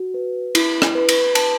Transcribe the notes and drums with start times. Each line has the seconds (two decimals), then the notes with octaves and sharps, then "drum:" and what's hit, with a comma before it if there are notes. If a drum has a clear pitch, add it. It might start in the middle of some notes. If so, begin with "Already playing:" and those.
Already playing: F#4
0.14 B4
0.55 E4, drum: cymbal
0.82 drum: rim click
0.95 B4
1.09 drum: cymbal
1.35 A5, drum: cymbal